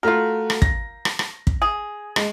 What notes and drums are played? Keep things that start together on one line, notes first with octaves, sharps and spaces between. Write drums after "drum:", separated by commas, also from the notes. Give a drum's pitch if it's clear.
A3 F4 F#4 A#4
drum: rim click
A#6, drum: kick
drum: rim click
drum: rim click
drum: kick
G#4
G#3, drum: rim click